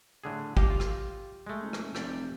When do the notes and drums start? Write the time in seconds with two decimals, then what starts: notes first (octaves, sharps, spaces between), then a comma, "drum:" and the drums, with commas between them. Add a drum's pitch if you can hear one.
0.24 A2 D3 G#4
0.57 G4 D#5 F5, drum: kick
0.70 F4
0.80 drum: rim click
1.47 G#3 A3
1.62 F#1
1.73 drum: rim click
1.95 F1 G4 D5 G5, drum: rim click